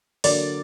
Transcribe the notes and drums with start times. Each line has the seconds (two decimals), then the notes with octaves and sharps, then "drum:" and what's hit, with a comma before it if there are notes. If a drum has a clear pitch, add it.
0.24 D3 F#3 A#3 D5, drum: open hi-hat